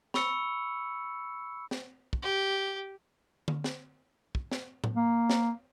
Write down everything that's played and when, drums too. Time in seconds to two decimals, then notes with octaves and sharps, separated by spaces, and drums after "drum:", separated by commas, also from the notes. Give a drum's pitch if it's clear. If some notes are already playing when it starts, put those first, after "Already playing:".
0.14 B5 C#6 E6 C#7, drum: snare
1.71 drum: snare
2.13 drum: kick
2.22 G4
3.48 drum: tom D3
3.64 drum: snare
4.35 drum: kick
4.52 drum: snare
4.84 drum: tom A2
4.95 A#3
5.30 drum: snare